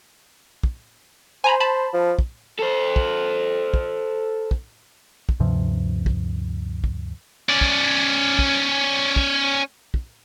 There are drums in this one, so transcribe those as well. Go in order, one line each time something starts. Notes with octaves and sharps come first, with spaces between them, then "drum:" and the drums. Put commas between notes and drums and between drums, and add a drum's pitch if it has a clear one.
drum: kick
C5 G#5 A#5 B5
A5 B5
F3
drum: kick
A4 C5
drum: kick
drum: kick
drum: kick
drum: kick
D2 G2 C3 F3
drum: kick
drum: kick
C#4 D5
drum: kick
drum: kick
drum: kick
drum: kick